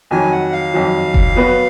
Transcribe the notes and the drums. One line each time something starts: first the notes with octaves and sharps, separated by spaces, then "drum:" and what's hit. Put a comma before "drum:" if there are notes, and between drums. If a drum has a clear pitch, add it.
F2 D#3 F#3 G#5
F#5
F5
F2 D#3 F#3
drum: kick F1
F#3 B3 F#4 B4